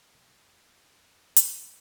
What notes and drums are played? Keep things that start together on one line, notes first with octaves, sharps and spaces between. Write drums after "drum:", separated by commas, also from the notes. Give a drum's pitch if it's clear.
B2 F3 F#3 G#3
F2
drum: hi-hat